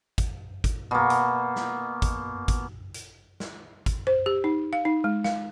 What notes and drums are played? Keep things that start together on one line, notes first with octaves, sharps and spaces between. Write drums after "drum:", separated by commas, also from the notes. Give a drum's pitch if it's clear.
drum: kick G#1, hi-hat
drum: kick G#1, hi-hat
B2 A#3
drum: hi-hat
drum: snare
drum: kick G#1, hi-hat
drum: kick G#1, hi-hat
drum: hi-hat
drum: snare
drum: kick G#1, hi-hat
C5
G4
D#4
F5
D#4
G#3
F5, drum: snare